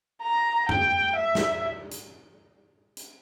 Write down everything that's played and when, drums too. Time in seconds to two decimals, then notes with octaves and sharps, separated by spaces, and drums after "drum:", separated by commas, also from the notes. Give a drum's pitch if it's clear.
0.23 A#5
0.69 G5, drum: tom F#2
1.16 E5
1.35 drum: snare
1.91 drum: hi-hat
2.97 drum: hi-hat